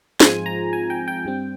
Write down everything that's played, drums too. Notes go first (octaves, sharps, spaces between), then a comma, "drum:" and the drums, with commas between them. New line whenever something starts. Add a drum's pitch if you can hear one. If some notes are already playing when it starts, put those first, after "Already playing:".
G#2 F3 G#3 C4 F4 G#5, drum: snare
A#5
G#5
G5
G5
G2 G3 C4